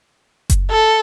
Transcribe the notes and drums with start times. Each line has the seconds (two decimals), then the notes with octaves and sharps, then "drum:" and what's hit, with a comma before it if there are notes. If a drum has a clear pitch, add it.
0.50 drum: kick F#1, hi-hat
0.71 A4